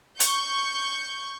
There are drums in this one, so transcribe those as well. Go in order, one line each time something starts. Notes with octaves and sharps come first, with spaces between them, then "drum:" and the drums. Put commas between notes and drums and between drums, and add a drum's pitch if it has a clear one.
C#6 G6, drum: hi-hat